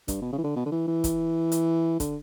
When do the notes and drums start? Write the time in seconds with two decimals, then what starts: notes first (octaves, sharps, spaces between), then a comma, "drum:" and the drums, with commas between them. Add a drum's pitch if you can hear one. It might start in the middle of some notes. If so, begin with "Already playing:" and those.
0.08 G2, drum: kick, hi-hat
0.22 B2
0.33 C#3
0.38 E3
0.44 D3
0.56 B2
0.66 D3
0.72 E3
0.88 E3
1.04 drum: kick, hi-hat
1.52 drum: hi-hat
2.00 D3, drum: kick, hi-hat